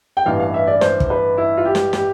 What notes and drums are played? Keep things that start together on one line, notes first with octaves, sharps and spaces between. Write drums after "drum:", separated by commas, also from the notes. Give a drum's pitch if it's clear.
G5
A1 G2 E3 F5
F5
E5
D5
C5, drum: snare
drum: kick
B4
E4
F4
G4
drum: snare
G4, drum: snare